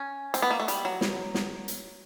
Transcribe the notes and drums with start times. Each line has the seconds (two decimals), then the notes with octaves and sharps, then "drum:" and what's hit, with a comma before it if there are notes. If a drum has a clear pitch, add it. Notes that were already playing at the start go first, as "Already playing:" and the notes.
Already playing: C#4
0.34 C4, drum: hi-hat
0.42 B3
0.51 A#3
0.60 A3
0.68 G3, drum: hi-hat
0.85 F#3
1.01 drum: snare
1.34 drum: snare
1.68 drum: hi-hat